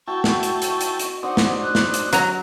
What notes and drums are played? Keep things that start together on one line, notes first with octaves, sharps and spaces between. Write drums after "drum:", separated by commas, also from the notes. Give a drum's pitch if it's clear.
E4 F#4 G5 A5 C#6
drum: snare
drum: hi-hat
drum: hi-hat
drum: hi-hat
drum: hi-hat
C4 D4 D#4 D#5 F#5
drum: snare
F#6
drum: snare
drum: hi-hat
F#3 A#5, drum: hi-hat